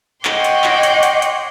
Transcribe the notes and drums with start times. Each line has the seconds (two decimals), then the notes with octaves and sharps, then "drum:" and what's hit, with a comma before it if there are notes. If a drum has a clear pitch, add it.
0.25 C#5 D#5 F#5 G5 C6 D6, drum: clap
0.44 drum: hi-hat
0.64 drum: clap
0.83 drum: hi-hat
1.03 drum: hi-hat
1.22 drum: hi-hat